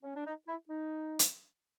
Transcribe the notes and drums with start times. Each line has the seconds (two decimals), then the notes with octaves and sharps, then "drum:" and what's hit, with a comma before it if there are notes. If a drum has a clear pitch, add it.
0.03 C#4
0.15 D4
0.26 D#4
0.48 E4
0.69 D#4
1.19 drum: hi-hat